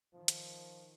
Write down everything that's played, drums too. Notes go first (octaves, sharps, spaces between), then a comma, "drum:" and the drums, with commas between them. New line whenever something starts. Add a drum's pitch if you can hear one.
D#3 F3
drum: hi-hat